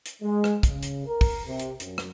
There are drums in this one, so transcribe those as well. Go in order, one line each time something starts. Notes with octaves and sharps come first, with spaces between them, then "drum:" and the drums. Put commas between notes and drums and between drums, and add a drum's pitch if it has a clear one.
drum: hi-hat
G#3
drum: rim click
C#3, drum: kick, hi-hat
drum: hi-hat
A#4
drum: kick, open hi-hat
C3
drum: hi-hat
F#2, drum: hi-hat
drum: rim click